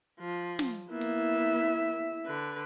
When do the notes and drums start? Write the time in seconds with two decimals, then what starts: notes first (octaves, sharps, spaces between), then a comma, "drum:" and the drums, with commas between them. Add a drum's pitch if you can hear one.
0.20 F3
0.59 drum: snare
0.90 A#3 B3 E4 E5
1.01 drum: open hi-hat
2.26 D3 B4